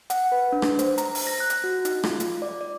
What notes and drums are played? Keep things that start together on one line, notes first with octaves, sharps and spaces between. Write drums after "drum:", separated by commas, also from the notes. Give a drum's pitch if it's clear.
F#5, drum: hi-hat
B4
D4
drum: rim click
C5, drum: hi-hat
A#5, drum: hi-hat
drum: open hi-hat
A#6
F#6
drum: hi-hat
F#4
D#4, drum: hi-hat
F4, drum: rim click
drum: hi-hat
D5
D5